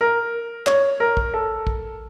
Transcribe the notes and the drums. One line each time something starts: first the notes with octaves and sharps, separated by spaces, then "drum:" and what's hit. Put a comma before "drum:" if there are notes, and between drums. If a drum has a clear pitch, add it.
A#4
C#5, drum: clap
A#4
drum: kick
A4
drum: kick